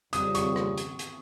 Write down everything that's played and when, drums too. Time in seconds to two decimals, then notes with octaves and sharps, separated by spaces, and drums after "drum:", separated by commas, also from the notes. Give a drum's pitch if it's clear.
0.13 F2 C#3 G3 D#6, drum: hi-hat
0.35 C#6, drum: hi-hat
0.56 drum: rim click
0.78 drum: hi-hat
0.99 drum: hi-hat